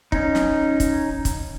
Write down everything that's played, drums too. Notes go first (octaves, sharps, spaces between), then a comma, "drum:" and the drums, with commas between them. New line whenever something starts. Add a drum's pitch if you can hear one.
C#4 D#4, drum: kick
drum: snare
drum: kick, hi-hat
drum: kick, hi-hat